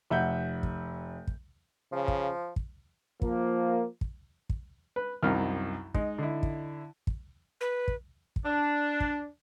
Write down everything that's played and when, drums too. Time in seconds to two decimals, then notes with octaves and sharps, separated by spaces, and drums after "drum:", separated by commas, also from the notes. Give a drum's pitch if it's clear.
0.10 F1 E5 F#5 G6
0.63 drum: kick
1.27 drum: kick
1.92 C#3 F3
2.08 drum: kick
2.56 drum: kick
3.22 F3 A#3, drum: kick
4.01 drum: kick
4.50 drum: kick
4.96 B4
5.23 C2 F#2 D#3 F6
5.94 G#3 D#4, drum: kick
6.18 D3 E4
6.43 drum: kick
7.07 drum: kick
7.61 B4
7.88 drum: kick
8.36 drum: kick
8.45 D4
9.00 drum: kick